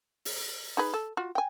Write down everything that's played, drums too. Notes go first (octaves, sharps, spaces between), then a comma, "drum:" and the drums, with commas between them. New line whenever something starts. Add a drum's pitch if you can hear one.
drum: open hi-hat
D#4 G#4 B4
A4
F4 F#4
G5 G#5